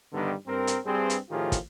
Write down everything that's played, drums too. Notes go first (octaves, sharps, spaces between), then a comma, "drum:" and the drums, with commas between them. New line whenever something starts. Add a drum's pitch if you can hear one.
G2 D3 D#3 G3 B3 D#4
G2 C4 A#4
drum: hi-hat
G2 C4 G#4
drum: hi-hat
A2 D#3 F3 F4 G4 G#4
drum: kick, hi-hat